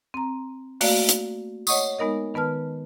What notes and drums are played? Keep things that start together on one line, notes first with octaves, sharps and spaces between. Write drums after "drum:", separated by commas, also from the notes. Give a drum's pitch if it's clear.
C4 A#5
A3 A#3 F#4 D5 F5, drum: open hi-hat
drum: hi-hat
C#5 D#5 F#5 C#6 D#6, drum: tambourine
G#3 B3 D#4 A#4 D#5
D#3 B3 B4 A5 F6